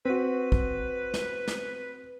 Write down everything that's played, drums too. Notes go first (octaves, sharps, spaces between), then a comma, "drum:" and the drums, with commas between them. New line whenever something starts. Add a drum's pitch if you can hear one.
C4 F#4 B4
drum: kick
drum: snare
drum: snare